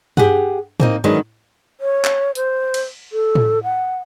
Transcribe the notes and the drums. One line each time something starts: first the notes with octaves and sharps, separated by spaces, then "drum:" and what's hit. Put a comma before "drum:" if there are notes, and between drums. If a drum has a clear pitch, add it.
G4 G#4 F#5, drum: tom G2
A#3 C4 D#4, drum: tom A2
D3 D#3 F#3 G#3 B3 C#4
C#5
drum: clap
C5, drum: hi-hat
drum: cymbal
A4
drum: tom A2
F#5